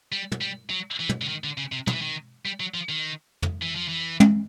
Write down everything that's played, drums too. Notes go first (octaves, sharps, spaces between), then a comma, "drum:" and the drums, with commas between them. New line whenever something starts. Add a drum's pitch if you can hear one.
G3
drum: tom
G3
F#3
E3
drum: tom
D3
D#3
D3
C#3
C3
D#3, drum: tom
E3
D#3
G3
F#3
F3
D#3
drum: tom
E3
F3
E3
drum: tom